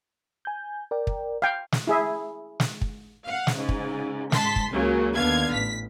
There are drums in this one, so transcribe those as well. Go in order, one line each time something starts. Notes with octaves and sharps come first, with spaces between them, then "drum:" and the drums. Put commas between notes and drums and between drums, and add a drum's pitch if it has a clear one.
G#5 G6
A#4 D5 G5
drum: kick
F5 G5
drum: snare
E4 G#4 E5
drum: snare
drum: kick
F5 F#5
drum: snare
G#2 C#3
drum: kick
G#2 A5 C6 B6, drum: snare
drum: kick
C#2 C#3 F#3 A#3
D#2 D3 B3 F5 G#6
A1 B6